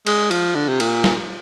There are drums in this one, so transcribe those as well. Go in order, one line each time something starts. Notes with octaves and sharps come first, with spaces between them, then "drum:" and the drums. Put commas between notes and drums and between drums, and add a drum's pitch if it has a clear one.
G#3, drum: cymbal
F3, drum: cymbal
D3
C3
A#2, drum: cymbal
drum: snare